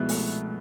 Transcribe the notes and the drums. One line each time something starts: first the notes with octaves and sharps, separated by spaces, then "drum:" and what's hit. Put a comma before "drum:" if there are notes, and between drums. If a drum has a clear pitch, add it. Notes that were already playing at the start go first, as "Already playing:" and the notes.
Already playing: C2 B2 F3 G#3 B3 E4 B4
A3, drum: open hi-hat